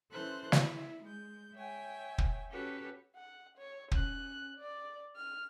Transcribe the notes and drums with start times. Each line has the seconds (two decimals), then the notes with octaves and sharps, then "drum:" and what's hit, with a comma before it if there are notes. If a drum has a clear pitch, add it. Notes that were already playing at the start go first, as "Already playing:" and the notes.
0.12 E3 C#4 A4 C5 C6 F#6
0.52 E4, drum: snare
1.03 G#3 G6
1.55 C#5 E5 G5 G#5
2.18 drum: kick
2.51 C#4 F#4 G4 A4 B4 C#5
3.15 F#5
3.58 C#5
3.92 C#4 F#6, drum: kick
4.57 D5
5.17 F6